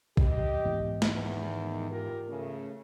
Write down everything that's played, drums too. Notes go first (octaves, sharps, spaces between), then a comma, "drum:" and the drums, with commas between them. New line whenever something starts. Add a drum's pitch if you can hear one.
G4 D#5, drum: kick
G#2 E3 B3
E2 D#3, drum: snare
F4 G4 A#4
C#3 A3